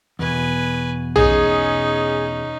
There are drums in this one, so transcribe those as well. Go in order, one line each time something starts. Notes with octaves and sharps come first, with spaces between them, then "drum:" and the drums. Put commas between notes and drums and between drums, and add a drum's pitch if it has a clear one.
E2 B2 B4 G#5
C#4 D#4 G#4, drum: tom A#1